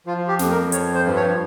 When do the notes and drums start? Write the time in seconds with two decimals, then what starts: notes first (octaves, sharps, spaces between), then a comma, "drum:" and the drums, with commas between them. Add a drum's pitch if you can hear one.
0.06 F3 F4
0.28 G4
0.39 F2, drum: snare
0.51 A#4
0.72 F3 C#5, drum: hi-hat
0.95 C5
1.05 G2
1.16 C#5